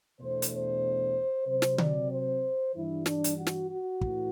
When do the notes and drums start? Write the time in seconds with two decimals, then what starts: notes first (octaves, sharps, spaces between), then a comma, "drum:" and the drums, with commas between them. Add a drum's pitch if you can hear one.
0.20 E2 B2 A3 D4 C5
0.42 drum: hi-hat
0.52 C5
1.47 C3 F#3 C4 C5
1.62 drum: snare
1.78 D5, drum: tom D3
2.11 C5
2.74 G2 E3 G3 D4 E4
3.06 D4, drum: snare
3.24 drum: hi-hat
3.37 F#4
3.47 drum: snare
3.70 F#4
4.01 A2 E3, drum: kick